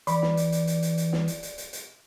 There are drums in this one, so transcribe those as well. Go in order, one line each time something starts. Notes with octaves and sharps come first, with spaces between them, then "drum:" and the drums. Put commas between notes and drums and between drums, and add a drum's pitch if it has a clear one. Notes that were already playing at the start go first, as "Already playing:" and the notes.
E3 D5 B5, drum: hi-hat
drum: snare
drum: hi-hat
drum: hi-hat
drum: hi-hat
drum: hi-hat
drum: hi-hat
drum: snare
drum: hi-hat
drum: hi-hat
drum: hi-hat
drum: hi-hat